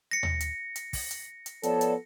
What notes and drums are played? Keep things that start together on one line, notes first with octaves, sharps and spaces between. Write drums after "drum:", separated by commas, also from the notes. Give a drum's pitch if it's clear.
A#6 C#7
drum: tom D#2
drum: hi-hat
drum: hi-hat
drum: kick, open hi-hat
drum: hi-hat
drum: hi-hat
F3 B3 A4 C#5 D5 A5, drum: hi-hat
drum: hi-hat